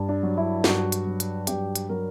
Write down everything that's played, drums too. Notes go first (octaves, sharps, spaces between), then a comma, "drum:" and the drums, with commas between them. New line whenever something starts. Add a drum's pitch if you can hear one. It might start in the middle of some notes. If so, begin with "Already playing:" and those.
Already playing: G2
D4
F#3
E4
G2 F#4, drum: snare
drum: hi-hat
F#3
drum: hi-hat
G2 G4, drum: hi-hat
drum: hi-hat
F#3 A#4